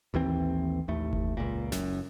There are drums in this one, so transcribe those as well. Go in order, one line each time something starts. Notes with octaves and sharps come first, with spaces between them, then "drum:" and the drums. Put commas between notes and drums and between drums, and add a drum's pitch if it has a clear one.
A1 D#2 E3 C4
A1 D#2 A3
drum: kick F#1
C#2 A#2
F#1 F#2, drum: snare